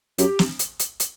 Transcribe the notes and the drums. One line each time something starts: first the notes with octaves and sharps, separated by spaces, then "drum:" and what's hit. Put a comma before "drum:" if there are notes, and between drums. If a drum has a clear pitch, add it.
F#2 G4, drum: hi-hat
drum: snare
drum: hi-hat
drum: hi-hat
drum: hi-hat